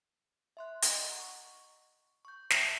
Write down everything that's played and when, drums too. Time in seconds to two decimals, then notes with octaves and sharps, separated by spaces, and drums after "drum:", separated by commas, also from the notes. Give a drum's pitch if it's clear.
0.57 E5 C6 F#6
0.82 D#5 F#5 A#5, drum: hi-hat
1.20 C#6
2.25 C#6 G6
2.50 E5 G5 A5 A#5, drum: snare